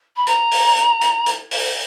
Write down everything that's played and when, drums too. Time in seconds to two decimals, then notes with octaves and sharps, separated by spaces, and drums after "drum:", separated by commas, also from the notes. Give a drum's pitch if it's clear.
0.16 B5
0.27 A#5, drum: hi-hat
0.51 drum: open hi-hat
0.76 drum: hi-hat
1.01 drum: hi-hat
1.26 drum: hi-hat
1.51 drum: open hi-hat